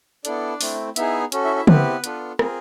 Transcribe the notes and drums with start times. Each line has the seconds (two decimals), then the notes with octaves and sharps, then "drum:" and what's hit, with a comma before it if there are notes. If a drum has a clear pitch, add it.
0.25 B3 D4 E4 A4 D5, drum: hi-hat
0.61 A3 C4 E4, drum: open hi-hat
0.96 B3 D#4 E4 G#4 E5, drum: hi-hat
1.32 C#4 F#4 A4, drum: hi-hat
1.44 E4 E5
1.56 E4 E5
1.67 B3 C4 E4 G4 B4, drum: tom
2.04 B3 D4 F4 A4, drum: hi-hat
2.39 C4 F4 G#4 A#4, drum: rim click